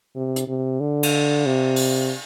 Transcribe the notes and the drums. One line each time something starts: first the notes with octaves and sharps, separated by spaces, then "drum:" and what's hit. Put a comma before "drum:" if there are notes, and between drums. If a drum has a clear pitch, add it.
C3
drum: hi-hat
C3
D3
drum: cymbal
C3
drum: open hi-hat